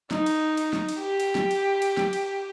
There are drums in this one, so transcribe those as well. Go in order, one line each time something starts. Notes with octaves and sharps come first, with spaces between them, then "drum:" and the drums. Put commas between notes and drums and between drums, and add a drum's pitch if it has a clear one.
D#4, drum: snare
drum: cymbal
drum: cymbal
drum: snare
drum: cymbal
G4
drum: cymbal
drum: snare
drum: cymbal
drum: cymbal
drum: snare
drum: cymbal